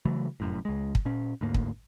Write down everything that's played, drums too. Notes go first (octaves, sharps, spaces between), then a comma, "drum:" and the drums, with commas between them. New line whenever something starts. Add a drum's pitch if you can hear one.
C#3 E3 F#3 A3
F1 F#2 A2
C#2 G#3
drum: kick
A#2 C#4
D2 G#2 A#3
drum: kick